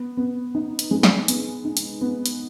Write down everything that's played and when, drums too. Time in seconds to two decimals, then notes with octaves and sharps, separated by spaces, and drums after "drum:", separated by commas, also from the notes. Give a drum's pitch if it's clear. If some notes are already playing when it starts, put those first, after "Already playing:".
Already playing: B3
0.17 B3
0.55 D#4
0.79 drum: hi-hat
0.91 G#3
1.03 drum: snare
1.28 B3, drum: hi-hat
1.65 D#4
1.77 drum: hi-hat
2.01 B3
2.26 drum: hi-hat